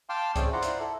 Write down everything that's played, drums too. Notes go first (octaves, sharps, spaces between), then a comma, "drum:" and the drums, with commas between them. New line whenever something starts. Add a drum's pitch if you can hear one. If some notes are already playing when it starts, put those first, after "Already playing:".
F5 G5 A5 C6 D6
A3 C4 C#4 G#4 D5 G5, drum: kick C#2, hi-hat
E4 F4 C5 D5 F#5 A#5
drum: hi-hat
E4 A4